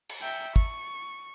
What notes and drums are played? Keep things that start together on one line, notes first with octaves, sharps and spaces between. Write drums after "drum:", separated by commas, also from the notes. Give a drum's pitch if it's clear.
drum: cymbal
E5 G5
C#6, drum: kick